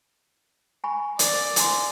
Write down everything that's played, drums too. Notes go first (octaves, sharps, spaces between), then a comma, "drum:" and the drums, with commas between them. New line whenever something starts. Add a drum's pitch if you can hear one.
G#5 B5 C#6
A#4 D5, drum: hi-hat
E4 G#5 C6, drum: hi-hat